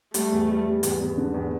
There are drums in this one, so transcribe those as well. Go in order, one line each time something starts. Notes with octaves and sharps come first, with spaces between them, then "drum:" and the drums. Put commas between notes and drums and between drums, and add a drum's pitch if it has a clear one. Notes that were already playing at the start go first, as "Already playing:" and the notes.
G3 A3, drum: hi-hat
E2
G3
G3
E2, drum: hi-hat
E2
D3
E2